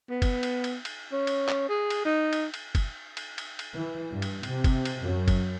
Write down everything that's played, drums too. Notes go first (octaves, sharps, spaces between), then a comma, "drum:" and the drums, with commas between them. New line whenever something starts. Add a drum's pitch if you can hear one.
B3
drum: kick, cymbal
drum: cymbal
drum: cymbal
drum: cymbal
C#4
drum: cymbal
drum: clap
G#4
drum: cymbal
D#4
drum: cymbal
drum: cymbal
drum: kick, cymbal
drum: cymbal
drum: cymbal
drum: cymbal
E3
G2
drum: cymbal
C3, drum: cymbal
drum: kick, cymbal
drum: cymbal
F#2
drum: kick, cymbal